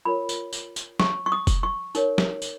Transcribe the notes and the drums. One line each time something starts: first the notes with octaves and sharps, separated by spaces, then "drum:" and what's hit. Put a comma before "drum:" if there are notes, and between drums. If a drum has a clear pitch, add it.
F4 A#4 C#5 B5
drum: tambourine
drum: tambourine
drum: tambourine
C#6, drum: snare
C#6
D#6
drum: kick F1, tambourine
C#6
D#4 A#4 C#5, drum: tambourine
drum: snare
drum: tambourine